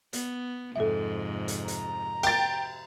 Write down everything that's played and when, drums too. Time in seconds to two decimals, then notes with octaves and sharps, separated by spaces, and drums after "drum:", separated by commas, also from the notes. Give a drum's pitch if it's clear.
0.13 B3, drum: hi-hat
0.76 F2 G#2 C3 A4 E5
1.48 drum: hi-hat
1.68 A#5, drum: hi-hat
2.23 G5 A6, drum: cymbal